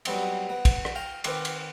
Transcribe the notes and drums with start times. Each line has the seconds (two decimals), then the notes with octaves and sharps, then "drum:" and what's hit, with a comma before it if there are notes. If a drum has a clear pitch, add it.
0.05 F#3 G3 B3 C4 D#4, drum: cymbal
0.50 B3
0.65 drum: kick, cymbal
0.85 drum: rim click
0.95 F5 G5 A#5
1.24 D#3 C4 A#4 B4 D6, drum: cymbal
1.45 drum: cymbal